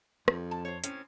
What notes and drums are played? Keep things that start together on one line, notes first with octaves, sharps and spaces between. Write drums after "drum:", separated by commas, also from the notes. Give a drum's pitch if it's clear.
F2, drum: rim click
A5
C5 C#5
A2 C4 C#4, drum: hi-hat